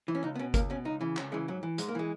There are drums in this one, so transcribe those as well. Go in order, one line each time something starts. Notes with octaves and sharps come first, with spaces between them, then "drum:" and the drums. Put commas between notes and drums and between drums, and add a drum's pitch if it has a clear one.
E3
C#4
C#2 D#4
B3
B2 C#4
C#2 A#3, drum: kick G1, hi-hat
B2 C#4
C#2 D#4
C#3 E3
C#2 C#4, drum: clap
C#3 E3 G#3
G#2 F#3
E3
G#2 G#3, drum: hi-hat
A#3
E3 G#3